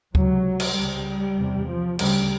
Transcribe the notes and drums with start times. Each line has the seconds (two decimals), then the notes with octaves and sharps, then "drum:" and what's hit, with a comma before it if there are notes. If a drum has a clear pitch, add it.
0.15 C#2 C3 F#3, drum: kick D2
0.60 drum: cymbal
0.76 C#2 C#3 G3
1.37 E2 C3
1.69 F3
1.99 D2 C#3 G3, drum: cymbal